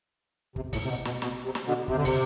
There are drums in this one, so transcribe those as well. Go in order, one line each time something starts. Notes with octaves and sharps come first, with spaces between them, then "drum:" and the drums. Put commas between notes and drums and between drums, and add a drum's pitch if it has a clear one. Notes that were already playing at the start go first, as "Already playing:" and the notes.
C3, drum: kick
A2, drum: kick, open hi-hat
C3
B2
B2, drum: snare
B2, drum: snare
C3
drum: snare
B2 D3
C3, drum: kick
D3
C3, drum: kick, open hi-hat